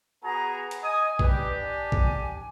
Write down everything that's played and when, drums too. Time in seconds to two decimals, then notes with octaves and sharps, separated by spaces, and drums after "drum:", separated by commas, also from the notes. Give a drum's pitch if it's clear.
0.23 B3 F#4 G#4 A#5
0.71 drum: hi-hat
0.83 D#5 G#5 D#6
1.19 D4 G4 B4, drum: kick A#1
1.60 G#5
1.92 drum: kick A#1